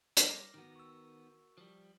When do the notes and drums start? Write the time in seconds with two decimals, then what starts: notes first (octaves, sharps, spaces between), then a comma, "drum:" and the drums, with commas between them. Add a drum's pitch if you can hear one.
0.17 G3 D#4 D6 F6 A#6, drum: hi-hat
0.54 D#3 B3 F#4 A#4
0.76 C#6 E6
1.58 F3 G3